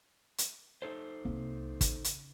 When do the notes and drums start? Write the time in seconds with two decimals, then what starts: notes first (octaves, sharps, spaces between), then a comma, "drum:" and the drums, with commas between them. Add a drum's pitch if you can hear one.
0.38 drum: hi-hat
0.82 D#4 A4 C5
1.25 C2 C3 A#3 C4
1.81 C#3, drum: kick, hi-hat
2.04 drum: hi-hat